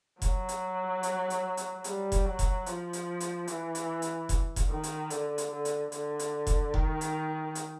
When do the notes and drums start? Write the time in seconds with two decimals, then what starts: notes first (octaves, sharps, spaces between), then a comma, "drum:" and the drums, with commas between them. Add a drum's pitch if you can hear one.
0.22 F#3, drum: kick F1, hi-hat
0.49 drum: hi-hat
1.03 drum: hi-hat
1.30 drum: hi-hat
1.57 drum: hi-hat
1.84 G3, drum: hi-hat
2.12 drum: kick F1, hi-hat
2.25 F#3
2.39 drum: kick F1, hi-hat
2.66 F3, drum: hi-hat
2.93 drum: hi-hat
3.20 drum: hi-hat
3.47 E3, drum: hi-hat
3.75 drum: hi-hat
4.02 drum: hi-hat
4.29 drum: kick F1, hi-hat
4.56 drum: kick F1, hi-hat
4.70 D#3
4.83 drum: hi-hat
5.10 D3, drum: hi-hat
5.38 drum: hi-hat
5.52 D3
5.65 drum: hi-hat
5.92 D3, drum: hi-hat
6.19 drum: hi-hat
6.47 drum: kick F1, hi-hat
6.74 D#3, drum: kick F1
7.01 drum: hi-hat
7.55 drum: hi-hat